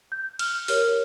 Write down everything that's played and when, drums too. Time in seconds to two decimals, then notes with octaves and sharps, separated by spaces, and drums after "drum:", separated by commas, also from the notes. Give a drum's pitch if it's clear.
0.12 G6
0.39 F6, drum: cymbal
0.68 G4 A#4 C#5 F6, drum: open hi-hat